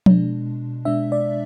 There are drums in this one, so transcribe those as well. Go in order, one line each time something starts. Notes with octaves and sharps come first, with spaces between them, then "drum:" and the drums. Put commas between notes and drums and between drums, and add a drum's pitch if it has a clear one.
B2 G#3 D4, drum: tom F3
B2 G#3 D4 E5
D5